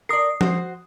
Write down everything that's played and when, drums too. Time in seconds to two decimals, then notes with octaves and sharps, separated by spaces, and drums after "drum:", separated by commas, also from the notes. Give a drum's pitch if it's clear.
0.09 A#4 D5 D#6 C7
0.41 F#4 C5, drum: tom F3